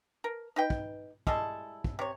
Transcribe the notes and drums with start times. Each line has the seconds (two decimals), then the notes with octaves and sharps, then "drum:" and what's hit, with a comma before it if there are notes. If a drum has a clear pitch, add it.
0.24 A#4
0.56 D#4 B4 G5
0.70 drum: kick
1.27 G3 G#3 E4 A4, drum: kick
1.84 drum: kick
1.99 C3 C#5